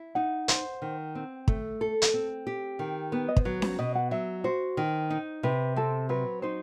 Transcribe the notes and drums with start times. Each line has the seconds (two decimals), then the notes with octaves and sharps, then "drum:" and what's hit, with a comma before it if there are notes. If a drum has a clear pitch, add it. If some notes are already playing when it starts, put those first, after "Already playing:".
Already playing: E4
0.15 D#4 F#5
0.48 C5, drum: hi-hat
0.82 D#3
1.15 C4
1.48 A3, drum: kick
1.81 A4
2.02 drum: hi-hat
2.14 C4
2.47 G4
2.79 D#3
3.12 B3 B4
3.28 D#5
3.36 C5, drum: kick
3.45 F#3 B4
3.62 C5, drum: snare C#4
3.79 B2 D#5
3.95 F#5
4.11 F#3 E5
4.44 F#4 C5
4.77 D#3
5.10 D#4
5.43 C3 B4
5.76 C4 A4
6.09 F#3 B4
6.42 D#4 C5